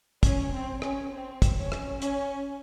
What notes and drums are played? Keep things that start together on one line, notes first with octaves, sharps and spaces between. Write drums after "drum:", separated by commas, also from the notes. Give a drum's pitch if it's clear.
C#4, drum: kick, hi-hat
C4
C#4, drum: rim click
C4
drum: kick, hi-hat
C#4
drum: rim click
C#4, drum: hi-hat